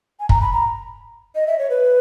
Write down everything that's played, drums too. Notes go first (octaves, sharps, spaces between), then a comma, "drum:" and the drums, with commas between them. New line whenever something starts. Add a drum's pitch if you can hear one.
G#5
A#5, drum: kick
B5
A#5
D#5
E5
C#5
B4